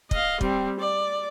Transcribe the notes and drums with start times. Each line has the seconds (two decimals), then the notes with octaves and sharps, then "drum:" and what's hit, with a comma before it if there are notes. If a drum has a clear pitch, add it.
0.11 D#5 F5, drum: kick
0.41 G3 C4, drum: kick
0.80 D5